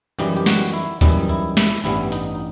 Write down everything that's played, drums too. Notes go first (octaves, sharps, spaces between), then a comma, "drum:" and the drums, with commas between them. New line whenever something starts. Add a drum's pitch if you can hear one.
F#2 E3 G3 D#4 G4
G4
F#4, drum: snare
E4
F#2 E3 G3 D#4 E4, drum: kick, hi-hat
E4
E4, drum: snare
A1 G2 E3 G3 B3 E4
D#4, drum: hi-hat